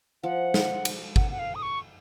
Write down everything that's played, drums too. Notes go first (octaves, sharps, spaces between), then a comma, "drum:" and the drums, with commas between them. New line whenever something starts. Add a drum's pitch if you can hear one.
F3 F#5
drum: snare
drum: cymbal
F#5, drum: kick
F#5
F5
D#6
C#6